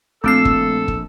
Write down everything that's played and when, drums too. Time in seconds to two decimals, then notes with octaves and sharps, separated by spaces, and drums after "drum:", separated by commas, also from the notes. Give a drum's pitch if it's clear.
0.24 A#1 A3 C4 A4 E6 C7
0.45 drum: kick
0.88 drum: kick